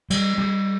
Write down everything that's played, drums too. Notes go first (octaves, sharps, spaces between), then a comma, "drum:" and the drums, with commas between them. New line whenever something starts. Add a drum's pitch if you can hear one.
G3, drum: cymbal
G3